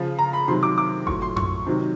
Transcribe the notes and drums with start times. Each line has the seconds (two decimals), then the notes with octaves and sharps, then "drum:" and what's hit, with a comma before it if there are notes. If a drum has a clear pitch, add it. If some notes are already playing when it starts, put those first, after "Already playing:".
Already playing: C#3 F3
0.19 A#5
0.33 B5
0.48 C3 D#3 F#3 C6
0.63 D6
0.78 D6
1.07 A2 F#3 C#6, drum: kick G1
1.22 C6
1.36 C#6, drum: tom F2
1.66 C3 D#3 F#3